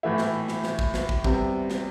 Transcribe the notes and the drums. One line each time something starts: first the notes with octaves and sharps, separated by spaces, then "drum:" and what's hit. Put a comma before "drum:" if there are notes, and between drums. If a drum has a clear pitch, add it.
A2 E3 A3 E4
drum: snare
drum: snare
drum: snare
drum: kick
drum: snare
drum: kick
C3 G3 B3, drum: kick
drum: snare